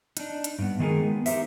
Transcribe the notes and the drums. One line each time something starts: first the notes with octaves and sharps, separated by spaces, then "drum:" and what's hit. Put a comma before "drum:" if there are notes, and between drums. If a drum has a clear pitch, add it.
D4 D#4, drum: hi-hat
drum: hi-hat
G2 B3
D#3 G#3 A3 D#4 G#4 A#4
B3
D#4 G4 A#4 C5 E5, drum: open hi-hat